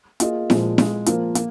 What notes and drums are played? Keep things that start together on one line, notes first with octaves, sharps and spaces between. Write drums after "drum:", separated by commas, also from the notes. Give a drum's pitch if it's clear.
A#3 F4 G#4 D#5, drum: hi-hat
A#2 F3 G#3, drum: snare E4
G#3 F4 G#4, drum: snare E4
F3 A#3 F4 A#4, drum: hi-hat
A#3, drum: hi-hat